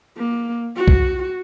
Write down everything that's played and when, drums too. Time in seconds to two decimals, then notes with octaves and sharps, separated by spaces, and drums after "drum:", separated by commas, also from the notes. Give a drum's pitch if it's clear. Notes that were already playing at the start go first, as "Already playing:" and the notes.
0.17 A#3
0.77 F#4
0.88 drum: kick